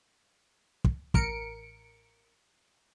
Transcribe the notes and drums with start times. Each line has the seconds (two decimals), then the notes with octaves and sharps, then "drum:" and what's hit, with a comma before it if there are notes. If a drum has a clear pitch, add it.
0.84 drum: kick
1.14 A1 A#4 C#7 D7, drum: kick